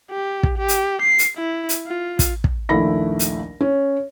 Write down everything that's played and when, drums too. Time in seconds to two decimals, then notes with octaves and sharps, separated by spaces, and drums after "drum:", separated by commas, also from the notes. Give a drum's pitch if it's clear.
0.11 G4
0.43 drum: kick
0.58 G4
0.68 drum: hi-hat
1.02 C7
1.19 drum: hi-hat
1.38 E4
1.69 drum: hi-hat
1.87 F4
2.19 drum: kick, hi-hat
2.44 drum: kick
2.69 A#1 D#2 A3 E4 B5 A#6
3.19 drum: hi-hat
3.61 C#4